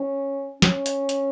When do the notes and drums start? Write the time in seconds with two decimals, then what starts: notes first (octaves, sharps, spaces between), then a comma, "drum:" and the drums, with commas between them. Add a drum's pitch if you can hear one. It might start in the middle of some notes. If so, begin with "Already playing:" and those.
Already playing: C#4
0.62 C#4, drum: snare
0.86 drum: hi-hat
1.09 drum: hi-hat